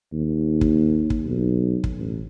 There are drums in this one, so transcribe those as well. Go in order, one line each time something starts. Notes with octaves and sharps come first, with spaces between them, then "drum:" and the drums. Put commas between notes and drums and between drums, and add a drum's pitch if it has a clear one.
D#2
drum: kick
drum: kick
B1
drum: kick
A1